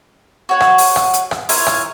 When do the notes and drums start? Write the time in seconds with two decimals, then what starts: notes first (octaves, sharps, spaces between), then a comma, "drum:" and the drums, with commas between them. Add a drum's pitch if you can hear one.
0.49 F#4 C#5 F#5
0.60 drum: rim click
0.78 drum: open hi-hat
0.96 drum: rim click
1.13 drum: hi-hat
1.31 drum: rim click
1.49 E4 F4 A#4 C#5, drum: open hi-hat
1.66 drum: rim click